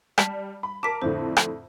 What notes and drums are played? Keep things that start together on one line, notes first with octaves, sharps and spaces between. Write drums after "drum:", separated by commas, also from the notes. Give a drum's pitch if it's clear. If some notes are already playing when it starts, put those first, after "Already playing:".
G3 A5 B6, drum: rim click
B5
A#4 A5 D6 B6
F2 A2 D3 C5
drum: rim click